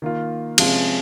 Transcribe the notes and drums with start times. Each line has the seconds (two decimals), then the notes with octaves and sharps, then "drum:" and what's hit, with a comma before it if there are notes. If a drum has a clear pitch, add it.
0.02 D#3 A#3 F4
0.58 C3 F3 G#3 C#4 F4, drum: cymbal